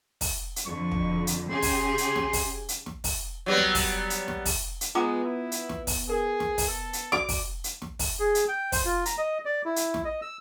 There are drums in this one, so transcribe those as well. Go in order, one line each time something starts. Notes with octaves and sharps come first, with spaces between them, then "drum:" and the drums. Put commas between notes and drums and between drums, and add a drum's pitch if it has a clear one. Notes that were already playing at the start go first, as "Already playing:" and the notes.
drum: kick, open hi-hat
drum: hi-hat
F2 D3 C#6
drum: kick
drum: hi-hat
C#3 G4 G#4 C6
drum: kick, open hi-hat
drum: hi-hat
drum: snare
drum: kick, open hi-hat
drum: hi-hat
drum: snare
drum: kick, open hi-hat
F#3 G3 B3
drum: snare
drum: kick, open hi-hat
drum: hi-hat
drum: snare
drum: kick, open hi-hat
drum: hi-hat
G#3 B3 F4 A#5 D6
E4
drum: hi-hat
drum: snare
drum: kick, open hi-hat
G#4 A#4
drum: snare
drum: kick, open hi-hat
A4
drum: hi-hat
F#4 D5 B5 D6, drum: snare
drum: kick, open hi-hat
drum: hi-hat
drum: snare
drum: kick, open hi-hat
G#4
drum: hi-hat
G5
C5, drum: kick, open hi-hat
F4
A#5, drum: hi-hat
D#5
D5
E4
drum: hi-hat
drum: snare
D#5
E6